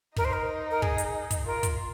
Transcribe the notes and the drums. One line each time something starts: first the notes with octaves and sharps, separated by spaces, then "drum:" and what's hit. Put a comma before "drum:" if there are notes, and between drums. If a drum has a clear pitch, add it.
D#4 A#4, drum: kick
C5
A#4
A#4
G#4, drum: kick
drum: hi-hat
drum: kick, hi-hat
F4 A#4
drum: kick, hi-hat